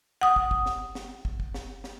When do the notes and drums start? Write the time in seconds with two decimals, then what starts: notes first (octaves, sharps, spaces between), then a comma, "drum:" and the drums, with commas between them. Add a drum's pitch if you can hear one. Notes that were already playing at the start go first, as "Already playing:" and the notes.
0.21 F#5 D#6
0.36 drum: kick
0.51 drum: kick
0.66 drum: snare
0.95 drum: snare
1.25 drum: kick
1.40 drum: kick
1.54 drum: snare
1.84 drum: snare